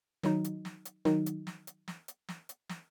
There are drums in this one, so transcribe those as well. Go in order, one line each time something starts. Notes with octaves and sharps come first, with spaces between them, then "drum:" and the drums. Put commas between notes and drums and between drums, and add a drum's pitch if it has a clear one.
D#3 F#3 D#4, drum: snare
drum: hi-hat
drum: snare
drum: hi-hat
D#3 F#3 D#4, drum: snare
drum: hi-hat
drum: snare
drum: hi-hat
drum: snare
drum: hi-hat
drum: snare
drum: hi-hat
drum: snare